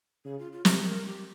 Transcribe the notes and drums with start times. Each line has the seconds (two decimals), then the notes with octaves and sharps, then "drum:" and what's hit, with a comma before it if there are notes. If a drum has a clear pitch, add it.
0.25 C#3 G#4
0.39 F4
0.53 F4
0.65 C3 G4, drum: snare
0.85 A#4
1.05 G4